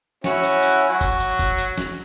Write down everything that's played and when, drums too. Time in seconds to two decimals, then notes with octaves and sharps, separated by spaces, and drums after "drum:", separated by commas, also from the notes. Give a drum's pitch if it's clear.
0.24 C#4 E4 F#4, drum: snare
0.43 drum: tambourine
0.63 drum: tambourine
0.89 F#3
1.01 drum: kick, tambourine
1.20 drum: tambourine
1.39 drum: kick, tambourine
1.58 drum: tambourine
1.78 drum: snare